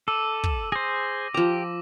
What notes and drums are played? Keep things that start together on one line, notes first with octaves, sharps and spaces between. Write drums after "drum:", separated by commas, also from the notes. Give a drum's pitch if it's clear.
A4 D6 E6 D#7
drum: kick
G#4 C5 A#6
F3 G4 A#5 D6